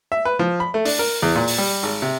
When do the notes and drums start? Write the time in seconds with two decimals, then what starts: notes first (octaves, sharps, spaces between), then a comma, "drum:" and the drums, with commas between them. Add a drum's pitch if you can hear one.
0.12 E5
0.25 B4
0.39 F3
0.60 B5
0.74 A3
0.85 D4, drum: open hi-hat
0.99 A#4
1.22 E2
1.36 A#2
1.48 drum: open hi-hat
1.58 G3
1.83 G#1
2.02 C3